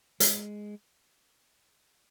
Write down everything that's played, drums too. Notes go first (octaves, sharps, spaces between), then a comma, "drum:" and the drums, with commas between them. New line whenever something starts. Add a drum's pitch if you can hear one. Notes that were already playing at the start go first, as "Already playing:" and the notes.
G#3, drum: hi-hat